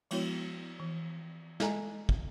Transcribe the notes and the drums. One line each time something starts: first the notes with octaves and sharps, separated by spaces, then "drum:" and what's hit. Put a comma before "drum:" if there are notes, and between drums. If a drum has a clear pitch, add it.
F3 G#3 B3 E4 F#4 C#5, drum: cymbal
E3
G#3 A4 D#5 G#5 A#5, drum: snare
drum: kick